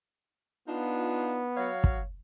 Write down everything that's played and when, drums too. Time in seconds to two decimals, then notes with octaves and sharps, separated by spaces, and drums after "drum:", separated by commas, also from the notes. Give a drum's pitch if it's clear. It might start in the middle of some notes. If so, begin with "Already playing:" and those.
0.68 B3 D4 D#4 F4
1.57 F#3 C#5 F5
1.84 drum: kick